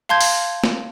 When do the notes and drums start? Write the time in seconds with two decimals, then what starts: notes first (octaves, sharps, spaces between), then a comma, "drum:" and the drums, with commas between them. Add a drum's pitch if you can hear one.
0.09 F5 A5 C6 G6 G#6
0.21 drum: open hi-hat
0.64 drum: snare